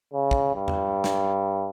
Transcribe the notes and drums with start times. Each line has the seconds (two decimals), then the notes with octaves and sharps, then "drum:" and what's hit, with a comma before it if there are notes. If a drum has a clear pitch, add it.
0.13 C#3
0.31 drum: kick
0.55 G2
0.68 drum: tom E2
1.04 drum: snare